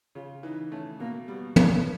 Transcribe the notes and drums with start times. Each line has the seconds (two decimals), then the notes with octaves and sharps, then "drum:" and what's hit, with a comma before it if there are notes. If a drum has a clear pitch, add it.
0.15 C#3 F4
0.43 E3 D#4
0.72 A3 C#4
1.00 B2 A#3
1.28 G3 B3
1.56 B3 D4, drum: tom